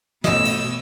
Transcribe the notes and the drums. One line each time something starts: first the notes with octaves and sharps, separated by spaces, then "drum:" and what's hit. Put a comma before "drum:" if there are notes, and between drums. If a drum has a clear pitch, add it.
A1 B2 C#5 D#5 E6, drum: snare
drum: cymbal